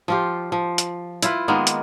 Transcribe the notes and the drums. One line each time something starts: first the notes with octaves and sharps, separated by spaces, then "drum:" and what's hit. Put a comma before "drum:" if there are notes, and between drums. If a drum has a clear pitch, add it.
F3 F4 G4
F3
drum: hi-hat
E4 F4 B4, drum: hi-hat
D#3 G#3 A#3 B3
drum: hi-hat